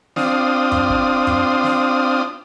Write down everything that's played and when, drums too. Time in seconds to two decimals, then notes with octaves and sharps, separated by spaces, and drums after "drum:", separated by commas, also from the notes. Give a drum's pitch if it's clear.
0.16 C4 D4 F4 D#6, drum: snare
0.72 drum: tom F#2
0.90 drum: kick
1.27 drum: tom F#2
1.64 drum: snare